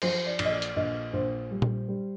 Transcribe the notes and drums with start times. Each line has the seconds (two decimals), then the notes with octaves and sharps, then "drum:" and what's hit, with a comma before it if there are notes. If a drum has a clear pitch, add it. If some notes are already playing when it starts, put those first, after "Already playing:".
0.02 F3 C5, drum: cymbal
0.26 D5
0.39 A#1, drum: cymbal
0.45 D#5
0.52 D5
0.62 drum: hi-hat
0.76 A#1 D#5
1.13 A#1 C5
1.51 G3
1.62 drum: tom A#2
1.88 G3